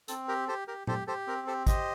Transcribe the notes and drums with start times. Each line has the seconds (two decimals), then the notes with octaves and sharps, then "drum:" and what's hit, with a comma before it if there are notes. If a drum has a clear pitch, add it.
0.08 C4 A4, drum: hi-hat
0.28 G4 A#4
0.48 G4 A4 C5
0.68 G4 A#4
0.87 G4 A4 C5, drum: tom A#2
1.07 G4 A4 C5
1.27 C4 A#4
1.47 G4 A4 C5
1.67 G4 C5 D#5, drum: kick, hi-hat